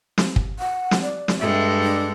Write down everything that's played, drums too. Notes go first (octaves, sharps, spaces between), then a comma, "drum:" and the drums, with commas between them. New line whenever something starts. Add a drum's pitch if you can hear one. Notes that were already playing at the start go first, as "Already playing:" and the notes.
drum: snare
drum: kick
F#5
drum: snare
D5
drum: snare
G2 G#3 A4 E5
D4